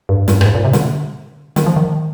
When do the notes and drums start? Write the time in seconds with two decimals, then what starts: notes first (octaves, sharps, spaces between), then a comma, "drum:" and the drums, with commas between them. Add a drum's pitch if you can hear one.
0.09 G2
0.28 G2, drum: snare
0.41 G2, drum: rim click
0.46 G#2
0.55 A#2
0.65 C3
0.73 D3, drum: snare
1.56 D#3, drum: snare
1.66 F3
1.76 D#3